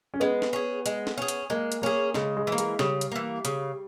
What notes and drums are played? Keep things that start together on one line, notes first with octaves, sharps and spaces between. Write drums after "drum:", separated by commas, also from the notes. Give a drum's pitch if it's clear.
C#4
G#3 B3
drum: snare
C#4 G#4
G#3, drum: hi-hat
drum: snare
C#4 G#4
drum: hi-hat
G#3 A#3
drum: hi-hat
A#3 C#4 G#4
C#3 G#3, drum: snare
G#3
E3
A#3
G#3, drum: hi-hat
C#3 G3, drum: snare
drum: hi-hat
E3 A#3
C#3, drum: hi-hat